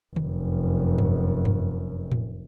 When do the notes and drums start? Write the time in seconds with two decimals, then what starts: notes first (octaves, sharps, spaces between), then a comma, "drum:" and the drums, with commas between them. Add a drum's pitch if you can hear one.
0.16 F1 F#2, drum: tom D3
0.98 drum: tom G2
1.45 drum: tom G2
2.12 drum: tom A2